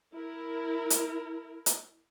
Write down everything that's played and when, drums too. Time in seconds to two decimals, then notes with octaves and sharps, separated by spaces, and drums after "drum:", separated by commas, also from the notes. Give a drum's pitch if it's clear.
0.15 E4 A#4
0.90 drum: hi-hat
1.66 drum: hi-hat